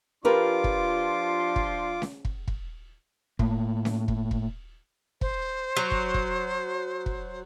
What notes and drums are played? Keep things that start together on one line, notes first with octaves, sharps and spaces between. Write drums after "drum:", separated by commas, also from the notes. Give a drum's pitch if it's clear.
F3 D4 F4 G4 A#4 B4 C6 D6
drum: kick
drum: kick
drum: snare C#4
drum: kick
drum: kick
A2 A#3, drum: kick
drum: snare C#4
drum: kick
drum: kick
C5, drum: kick
F#3
drum: kick
drum: kick
drum: kick